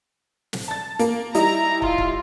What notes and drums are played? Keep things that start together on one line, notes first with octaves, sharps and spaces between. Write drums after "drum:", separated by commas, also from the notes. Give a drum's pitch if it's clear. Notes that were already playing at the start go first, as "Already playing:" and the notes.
drum: snare
A5 A6
A#3, drum: hi-hat
G3 D#4 E4 A#5, drum: hi-hat
F4, drum: kick
drum: kick